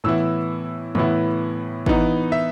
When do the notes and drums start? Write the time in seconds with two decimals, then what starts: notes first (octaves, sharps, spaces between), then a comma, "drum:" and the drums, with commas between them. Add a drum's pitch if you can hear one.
0.04 A2 E3 B3 E4 E6
0.95 A2 E3 B3 E4, drum: tom
1.86 E3 B3 D#4, drum: kick
2.32 E5